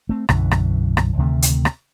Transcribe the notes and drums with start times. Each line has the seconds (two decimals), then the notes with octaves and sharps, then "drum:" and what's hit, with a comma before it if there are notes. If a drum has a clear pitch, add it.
0.09 A3 C4
0.29 B1 F#2 D3 E3, drum: rim click
0.51 drum: rim click
0.97 drum: rim click
1.17 D2 C3 D#3 A3
1.42 drum: hi-hat
1.65 drum: rim click